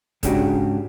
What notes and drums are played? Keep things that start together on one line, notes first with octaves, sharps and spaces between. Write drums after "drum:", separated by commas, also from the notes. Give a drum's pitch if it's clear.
G#2 C#3 C#4 D4 F#4 G4, drum: kick D#1, hi-hat